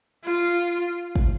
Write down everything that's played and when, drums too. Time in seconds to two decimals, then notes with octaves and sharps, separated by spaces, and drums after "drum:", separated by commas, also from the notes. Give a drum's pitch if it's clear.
0.24 F4
1.15 drum: kick